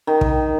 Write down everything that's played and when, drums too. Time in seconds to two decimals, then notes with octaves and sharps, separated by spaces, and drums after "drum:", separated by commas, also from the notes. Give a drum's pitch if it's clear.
0.07 D#3
0.21 drum: kick